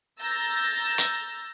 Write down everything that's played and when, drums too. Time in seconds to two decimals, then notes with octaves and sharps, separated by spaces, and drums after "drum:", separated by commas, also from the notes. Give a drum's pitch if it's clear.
0.21 A#5 E6 G6 A6 A#6
0.98 drum: hi-hat